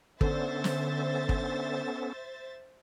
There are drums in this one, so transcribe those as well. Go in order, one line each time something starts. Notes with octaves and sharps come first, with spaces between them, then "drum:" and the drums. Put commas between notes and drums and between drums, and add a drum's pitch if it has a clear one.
D3 B3 C#4 A4 C5 E5 A6, drum: kick
drum: snare
drum: kick